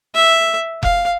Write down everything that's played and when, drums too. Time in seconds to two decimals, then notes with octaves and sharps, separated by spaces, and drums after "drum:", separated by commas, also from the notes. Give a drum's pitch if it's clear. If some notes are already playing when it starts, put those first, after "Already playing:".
0.15 E5
0.83 F5, drum: kick F1